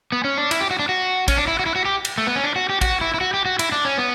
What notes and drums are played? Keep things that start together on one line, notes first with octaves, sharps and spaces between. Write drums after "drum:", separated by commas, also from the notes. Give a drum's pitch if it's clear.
B3
C#4
D4
E4, drum: cymbal
G4
F#4
D4
F#4
C#4, drum: kick, cymbal
D4
E4
F#4
E4
F#4
G4
drum: cymbal
A3
B3
C#4
D4
F#4
G4
F#4, drum: kick, cymbal
E4
E4
F#4
G4
F#4
E4, drum: cymbal
D4
C#4
B3